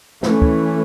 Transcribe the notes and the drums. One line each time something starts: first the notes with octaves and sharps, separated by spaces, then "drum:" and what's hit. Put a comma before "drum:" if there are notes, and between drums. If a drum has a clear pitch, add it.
E3 A3 C#4, drum: snare
drum: kick